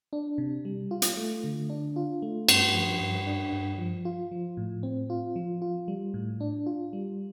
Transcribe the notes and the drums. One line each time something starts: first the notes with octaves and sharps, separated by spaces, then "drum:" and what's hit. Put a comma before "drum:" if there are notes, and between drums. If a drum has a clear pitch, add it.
D4
C3
G3
F4
drum: hi-hat
A3
D3
D4
F4
A3
G2, drum: cymbal
F3
G2
D4
G2
F3
F4
F3
A2
C4
F4
F3
F4
G3
A2
D4
F4
G3